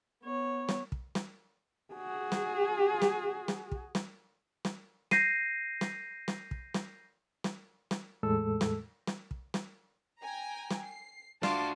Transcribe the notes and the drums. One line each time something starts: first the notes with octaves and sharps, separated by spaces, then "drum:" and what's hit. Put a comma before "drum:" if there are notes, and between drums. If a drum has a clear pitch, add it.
B3 C#5
drum: snare
drum: kick
drum: snare
F#4 G#4
drum: snare
drum: snare
drum: snare
drum: kick
drum: snare
drum: snare
G6 A#6 C7 D#7, drum: snare
drum: snare
drum: snare
drum: kick
drum: snare
drum: snare
drum: snare
E2 A2 G#3 A4 E6
drum: snare
drum: snare
drum: kick
drum: snare
G5 G#5 A#5
drum: snare
C7
D4 F4 F#4 A5 C6 D6, drum: snare